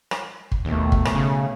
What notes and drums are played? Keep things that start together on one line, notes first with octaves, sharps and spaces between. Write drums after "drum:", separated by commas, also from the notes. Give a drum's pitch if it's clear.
drum: rim click
drum: kick G1
D#2 B2 A3
drum: kick G1
drum: rim click
C#3